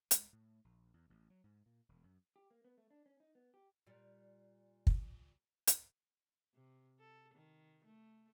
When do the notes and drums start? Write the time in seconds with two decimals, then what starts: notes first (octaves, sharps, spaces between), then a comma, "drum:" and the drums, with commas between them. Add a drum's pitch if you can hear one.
0.11 G#3, drum: hi-hat
0.33 A2
0.64 A#1
0.94 E2
1.10 A1
1.30 F#3
1.44 G#2
1.66 A#2
1.89 E1
2.04 F#2
2.36 G4
2.51 A#3
2.64 B3
2.77 A3
2.90 D4
3.06 C#4
3.20 D#4
3.35 B3
3.54 G4
3.87 A#2 G3
4.87 drum: kick
5.67 drum: hi-hat
6.54 C3
7.00 A4
7.34 D#3
7.85 A3